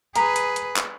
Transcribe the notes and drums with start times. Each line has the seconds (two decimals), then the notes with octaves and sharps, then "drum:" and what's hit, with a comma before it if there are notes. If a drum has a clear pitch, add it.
0.15 G#4 B4 A#5, drum: hi-hat
0.36 drum: hi-hat
0.56 drum: hi-hat
0.77 drum: clap